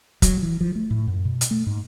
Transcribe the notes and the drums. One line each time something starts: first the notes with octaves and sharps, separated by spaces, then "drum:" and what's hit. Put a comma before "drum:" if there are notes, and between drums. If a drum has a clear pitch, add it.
F#3, drum: kick, hi-hat
E3
F3
A3
A2
F#2
B2
drum: hi-hat
A3
G#2